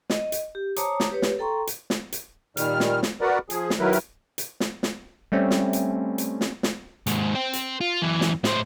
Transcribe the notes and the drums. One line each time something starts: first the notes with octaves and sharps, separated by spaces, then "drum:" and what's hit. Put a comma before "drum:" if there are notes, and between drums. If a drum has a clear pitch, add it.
D#5, drum: snare
drum: hi-hat
G4
C5 C#5 A5 A#5 D6 D#6, drum: hi-hat
drum: snare
G4 B4 C#5
drum: snare
A4 G5 A#5 C6 C#6
drum: hi-hat
drum: snare
drum: hi-hat
A#2 D#3 G3 F6, drum: hi-hat
drum: snare
drum: snare
F#4 A#4 B4 D5 F#5
F3 G#4, drum: hi-hat
drum: snare
D#3 F#3 E4 A#4 B4
drum: hi-hat
drum: hi-hat
drum: snare
drum: snare
G3 A3 C4 C#4
drum: snare
drum: hi-hat
drum: hi-hat
drum: snare
drum: snare
D#2 G#2, drum: hi-hat
C5 G5
drum: hi-hat
F4
F#2 E3
drum: snare
A2 C5, drum: snare